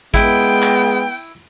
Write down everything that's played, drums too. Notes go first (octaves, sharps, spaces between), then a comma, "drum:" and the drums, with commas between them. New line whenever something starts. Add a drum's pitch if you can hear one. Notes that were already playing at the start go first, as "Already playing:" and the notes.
G#3 B3 E4 G5, drum: kick G#1, tambourine
drum: tambourine
drum: clap
drum: tambourine
drum: tambourine